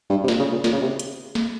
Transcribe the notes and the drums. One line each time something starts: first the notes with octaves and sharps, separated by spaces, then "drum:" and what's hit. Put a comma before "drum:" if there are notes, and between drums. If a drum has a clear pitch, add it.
G2
C3
A#2, drum: snare
C#3
A#2
A#2, drum: snare
C#3
C3
drum: hi-hat
drum: snare